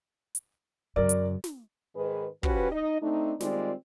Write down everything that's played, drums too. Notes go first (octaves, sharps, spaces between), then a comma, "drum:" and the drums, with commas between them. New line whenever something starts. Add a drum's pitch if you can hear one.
drum: hi-hat
F#2 C#3 A#4 D5
drum: hi-hat
drum: snare
G#2 D#3 G#4 B4
F3 C#4 F#4 G4 B4, drum: kick
D#4 D#5
A3 C4 D4 D#4
D#3 G3 G#3 C4 F4 D5, drum: snare